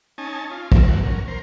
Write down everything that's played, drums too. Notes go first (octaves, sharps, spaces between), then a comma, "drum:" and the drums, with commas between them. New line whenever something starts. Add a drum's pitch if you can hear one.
C#4 D#4 G#5 A5
F4
F2 A#4 E5, drum: kick
F2 G3 A3 F#5
C#4 A#4
A#4 C5